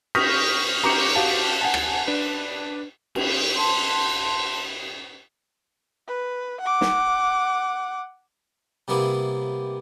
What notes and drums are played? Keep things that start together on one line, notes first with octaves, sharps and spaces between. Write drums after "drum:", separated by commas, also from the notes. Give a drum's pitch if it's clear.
C#6 D#6 F6 G6 A#6 B6, drum: cymbal
A#5 C#6 D6 G6 C#7, drum: cymbal
F#4 G4 F5 A5
F#5 G#5 A5
drum: rim click
D4 B4
drum: cymbal
A5 C6
B4
F#5 D6
drum: snare
C3 G3 A#3 B3 E4 G4